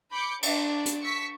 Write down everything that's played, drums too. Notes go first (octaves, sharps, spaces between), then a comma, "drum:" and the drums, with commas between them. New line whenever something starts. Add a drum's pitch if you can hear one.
B5 D6 G6 C#7
D4, drum: cymbal
drum: hi-hat
C#6 E6 B6